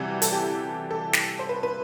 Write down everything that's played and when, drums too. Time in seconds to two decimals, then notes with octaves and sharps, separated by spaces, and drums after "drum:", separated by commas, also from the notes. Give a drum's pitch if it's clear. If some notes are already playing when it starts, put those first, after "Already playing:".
Already playing: C3 E3 G3 F#4
0.22 A4, drum: hi-hat
0.32 G4
0.91 A4
1.13 drum: snare
1.39 C5
1.49 B4
1.63 B4